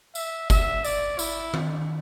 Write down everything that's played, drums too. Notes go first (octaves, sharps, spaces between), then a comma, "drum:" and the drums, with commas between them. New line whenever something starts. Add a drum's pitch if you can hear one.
E5, drum: tambourine
E5, drum: kick F#1, tambourine
D5, drum: tambourine
E4, drum: tambourine
drum: tom D#3